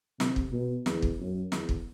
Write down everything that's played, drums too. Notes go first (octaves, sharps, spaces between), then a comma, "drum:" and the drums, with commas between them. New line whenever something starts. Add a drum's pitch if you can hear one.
C3, drum: snare
drum: kick
B2
E2, drum: snare
drum: kick
F#2
E2, drum: snare
drum: kick